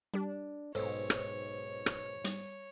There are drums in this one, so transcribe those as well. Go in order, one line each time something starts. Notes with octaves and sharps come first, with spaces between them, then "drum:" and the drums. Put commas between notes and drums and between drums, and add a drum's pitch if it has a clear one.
G3 D4 G4
B1 G#2 C4 C#4 A4 C#5
drum: rim click
drum: rim click
G3, drum: hi-hat